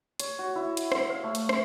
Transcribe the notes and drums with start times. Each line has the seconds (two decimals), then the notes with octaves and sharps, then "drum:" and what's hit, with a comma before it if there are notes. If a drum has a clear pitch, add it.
0.20 C#5, drum: hi-hat
0.39 F#4
0.56 E4
0.77 drum: hi-hat
0.92 drum: rim click
1.10 F5
1.24 A3
1.35 drum: hi-hat
1.49 drum: rim click